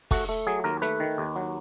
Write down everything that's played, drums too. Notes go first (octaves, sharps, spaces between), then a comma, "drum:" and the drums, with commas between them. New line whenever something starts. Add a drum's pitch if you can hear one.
A3 F#4, drum: kick, open hi-hat
A3
F#3 G#4
D#2 A#4
A3 B4, drum: hi-hat
D#3
D#2
F#3